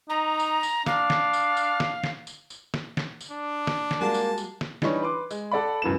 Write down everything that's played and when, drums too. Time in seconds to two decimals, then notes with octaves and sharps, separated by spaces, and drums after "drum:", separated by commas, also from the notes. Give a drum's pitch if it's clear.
0.10 D#4 A#5
0.40 drum: tambourine
0.63 drum: tambourine
0.86 D4 F5, drum: snare
1.10 drum: snare
1.33 drum: tambourine
1.57 drum: tambourine
1.80 drum: snare
2.04 drum: snare
2.27 drum: tambourine
2.50 drum: tambourine
2.74 drum: snare
2.97 drum: snare
3.21 drum: tambourine
3.31 D4
3.67 drum: snare
3.91 drum: snare
4.00 G3 G#3 A#3 F#4 A5
4.14 drum: tambourine
4.38 drum: tambourine
4.61 drum: snare
4.82 E3 G3 D4 D#4 C#5, drum: snare
5.02 B4 C6 D6
5.31 G#3, drum: tambourine
5.51 A4 D5 F#5 B5
5.82 C#2 F#2 E3 B3 E7